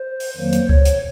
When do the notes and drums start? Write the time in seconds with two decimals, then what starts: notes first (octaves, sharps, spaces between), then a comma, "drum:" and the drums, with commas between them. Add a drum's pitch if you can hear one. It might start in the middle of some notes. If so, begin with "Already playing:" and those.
Already playing: C5
0.20 drum: open hi-hat
0.37 F2 D#3 F#3 A#3 C5
0.53 drum: hi-hat
0.69 C#5, drum: kick C#2
0.85 drum: hi-hat